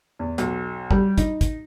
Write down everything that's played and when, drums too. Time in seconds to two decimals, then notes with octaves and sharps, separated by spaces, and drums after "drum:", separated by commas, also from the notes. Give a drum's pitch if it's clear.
0.19 E2
0.38 B1, drum: hi-hat
0.91 G3, drum: kick
1.18 D#4, drum: kick, hi-hat
1.41 drum: kick, hi-hat